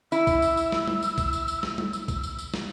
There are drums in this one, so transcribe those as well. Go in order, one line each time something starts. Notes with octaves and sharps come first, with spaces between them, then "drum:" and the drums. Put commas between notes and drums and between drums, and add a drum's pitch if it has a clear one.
E4 E6, drum: tambourine
drum: kick A#1, tambourine
drum: tambourine
drum: tambourine
drum: snare
drum: tom G3
drum: tambourine
drum: kick A#1, tambourine
drum: tambourine
drum: tambourine
drum: snare
drum: tom G3
drum: tambourine
drum: kick A#1, tambourine
drum: tambourine
drum: tambourine
drum: snare